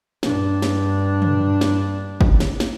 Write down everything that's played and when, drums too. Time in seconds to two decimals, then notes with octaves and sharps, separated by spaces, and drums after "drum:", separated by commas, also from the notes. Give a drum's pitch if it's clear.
0.23 G2 D4, drum: snare
0.62 drum: snare
1.22 drum: tom
1.61 drum: snare
2.21 drum: kick
2.40 drum: snare
2.60 drum: snare